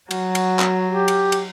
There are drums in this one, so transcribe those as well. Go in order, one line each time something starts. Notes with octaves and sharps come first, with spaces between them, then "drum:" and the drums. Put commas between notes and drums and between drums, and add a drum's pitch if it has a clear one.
F#3 F#4, drum: cymbal
drum: cymbal
drum: clap
G4
drum: cymbal
drum: cymbal